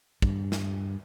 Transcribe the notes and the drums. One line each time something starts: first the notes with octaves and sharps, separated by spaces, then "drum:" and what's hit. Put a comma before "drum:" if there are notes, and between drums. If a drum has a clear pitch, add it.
G2, drum: kick
drum: snare